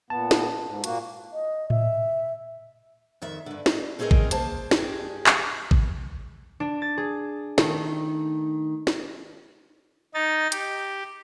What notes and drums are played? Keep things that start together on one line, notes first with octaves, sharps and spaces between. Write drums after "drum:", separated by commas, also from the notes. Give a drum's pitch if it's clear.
A#2 B3 A5
drum: snare
G#2
A#2 A#3 F#4, drum: hi-hat
D#5
E5, drum: tom A2
F2 D#3 E5
G2 D3
D5 D#5, drum: snare
A3 C4 C#4 G#4 A#4 D#5
drum: kick A1
A#3 C5 A5, drum: hi-hat
G2 G4 G#4, drum: snare
drum: clap
drum: kick A1
D4
A6
G#4
D#3 A3, drum: snare
drum: snare
D#4 A6
G4, drum: hi-hat